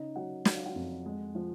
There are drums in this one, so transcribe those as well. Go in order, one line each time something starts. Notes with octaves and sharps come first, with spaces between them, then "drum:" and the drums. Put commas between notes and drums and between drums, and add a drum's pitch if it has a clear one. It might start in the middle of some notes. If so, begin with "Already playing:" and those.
Already playing: C#3 D#4 D#5
F#3 F#4 F#5
F#3 F#5, drum: snare
F5
F#4 F#5
F2
G#3
F3